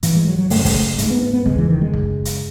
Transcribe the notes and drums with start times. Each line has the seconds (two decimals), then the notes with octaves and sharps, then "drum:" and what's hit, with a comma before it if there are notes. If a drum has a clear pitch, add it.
0.03 G#2 E3, drum: hi-hat
0.16 G#3
0.28 F#3
0.38 F#3
0.50 F#2 C#3 A3, drum: open hi-hat
0.65 G#3, drum: kick, open hi-hat
0.75 A3
0.98 G#2 G#3, drum: hi-hat
1.10 B3
1.22 B3
1.33 B3
1.46 E2 C#3 G#3, drum: kick
1.58 E3
1.70 D#3
1.81 G#3
1.94 F#2 C#3, drum: kick
2.25 drum: hi-hat